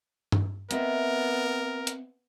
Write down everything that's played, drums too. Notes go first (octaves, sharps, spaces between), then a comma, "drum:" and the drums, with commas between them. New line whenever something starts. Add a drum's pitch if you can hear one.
drum: tom G2
B3 C4 A#4 D#5 E5, drum: hi-hat
drum: hi-hat